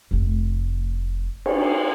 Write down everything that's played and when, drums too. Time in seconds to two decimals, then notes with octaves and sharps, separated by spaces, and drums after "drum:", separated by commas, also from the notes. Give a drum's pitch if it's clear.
0.11 F1 A3
1.46 drum: cymbal